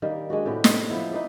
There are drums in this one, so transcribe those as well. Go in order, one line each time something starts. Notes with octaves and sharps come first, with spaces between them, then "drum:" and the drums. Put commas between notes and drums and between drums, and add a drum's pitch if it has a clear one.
D#3 G3 A#3 A#4
G#3 D4 F#4
A2 C3 B3 G4
D#4, drum: snare
F3 B3 E4
D#4 B4 D5 E5